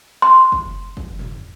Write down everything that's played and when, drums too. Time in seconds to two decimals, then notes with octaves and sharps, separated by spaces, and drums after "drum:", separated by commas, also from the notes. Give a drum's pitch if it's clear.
0.22 C6
0.52 drum: kick F#1
0.97 drum: kick F#1
1.19 drum: tom